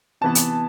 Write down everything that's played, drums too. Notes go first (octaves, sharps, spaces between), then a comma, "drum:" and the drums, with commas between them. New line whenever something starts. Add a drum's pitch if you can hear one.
C3 E3 B3 A5
drum: hi-hat